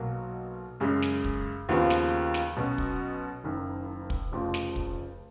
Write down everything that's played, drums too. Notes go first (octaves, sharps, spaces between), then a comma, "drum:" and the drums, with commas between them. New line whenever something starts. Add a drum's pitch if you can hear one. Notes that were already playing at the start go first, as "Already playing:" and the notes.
Already playing: B1 B2 F#3 A#3
F#2 C#3 G#3 C#4
drum: snare
drum: kick
D#2 C#3 F3 B3
drum: snare
drum: snare
B1 B2 F#3 C#4
drum: kick
F#1 F#2 D#3
drum: kick
F1 F2 C#3 F3
drum: snare
drum: kick